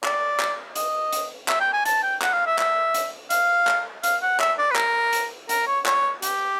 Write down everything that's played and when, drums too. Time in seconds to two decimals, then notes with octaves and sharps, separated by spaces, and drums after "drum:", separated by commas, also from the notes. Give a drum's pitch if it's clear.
0.04 D5, drum: clap
0.40 drum: clap
0.76 D#5, drum: hi-hat
1.13 drum: hi-hat
1.48 E5, drum: clap
1.60 G5
1.73 G#5
1.85 A5, drum: hi-hat
2.03 G5
2.22 F#5, drum: clap
2.33 F5
2.46 E5
2.59 E5, drum: clap
2.94 drum: hi-hat
3.30 F5, drum: hi-hat
3.67 drum: clap
4.03 F5, drum: hi-hat
4.22 F#5
4.40 E5, drum: clap
4.58 D5
4.71 B4
4.76 A#4, drum: clap
5.13 drum: hi-hat
5.49 A#4, drum: hi-hat
5.67 C#5
5.86 C#5, drum: clap
6.22 G4, drum: hi-hat